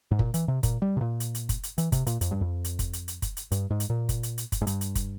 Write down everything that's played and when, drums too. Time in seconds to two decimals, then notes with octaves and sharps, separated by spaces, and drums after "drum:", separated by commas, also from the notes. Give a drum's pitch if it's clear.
0.11 G#2
0.19 A#2, drum: kick
0.34 E3, drum: hi-hat
0.48 C3
0.63 A#2, drum: kick, hi-hat
0.82 G3
0.97 C3
1.01 A#2
1.20 drum: hi-hat
1.35 drum: hi-hat
1.49 drum: kick, hi-hat
1.63 drum: hi-hat
1.78 E3, drum: hi-hat
1.92 C3, drum: kick, hi-hat
2.07 A#2, drum: hi-hat
2.21 F2, drum: hi-hat
2.31 G2
2.41 F2
2.64 drum: hi-hat
2.79 drum: kick, hi-hat
2.93 drum: hi-hat
3.08 drum: hi-hat
3.22 drum: kick, hi-hat
3.37 drum: hi-hat
3.52 G2, drum: hi-hat
3.70 G#2
3.80 drum: hi-hat
3.90 A#2
4.09 drum: kick, hi-hat
4.23 drum: hi-hat
4.38 drum: hi-hat
4.52 drum: kick, hi-hat
4.62 G#2
4.67 G2, drum: hi-hat
4.81 drum: hi-hat
4.95 drum: kick, hi-hat